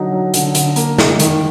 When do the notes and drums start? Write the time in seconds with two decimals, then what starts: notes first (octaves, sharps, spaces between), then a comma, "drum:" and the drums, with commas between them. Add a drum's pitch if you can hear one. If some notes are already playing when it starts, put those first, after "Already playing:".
Already playing: D3 F#3 D#4
0.13 F#3
0.34 D3, drum: hi-hat
0.55 D3, drum: hi-hat
0.76 A#3, drum: hi-hat
0.98 D#4, drum: snare
1.20 D#3, drum: hi-hat